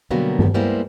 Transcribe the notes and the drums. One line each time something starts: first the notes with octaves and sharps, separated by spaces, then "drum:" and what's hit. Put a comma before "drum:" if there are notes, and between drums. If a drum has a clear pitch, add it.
B2 D3 F#3 G3 A#3 B3
drum: tom G2
G3 G#3 A#3 B3 E4 C5